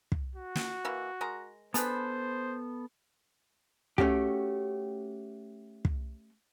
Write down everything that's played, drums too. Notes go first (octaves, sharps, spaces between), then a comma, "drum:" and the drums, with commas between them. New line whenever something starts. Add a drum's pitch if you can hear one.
drum: kick
F#4
drum: snare
E3 A#3 E4
G#3 A#4 A#5
B3 D4 G#4 A4 B4 C5, drum: hi-hat
A3 C#4 F#4 G4, drum: kick
drum: kick